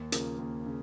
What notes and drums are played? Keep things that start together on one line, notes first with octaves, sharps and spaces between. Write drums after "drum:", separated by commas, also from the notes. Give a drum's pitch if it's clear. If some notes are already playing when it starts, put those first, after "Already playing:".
Already playing: D#2
C#3 F3 A#3, drum: hi-hat
D#2
C#3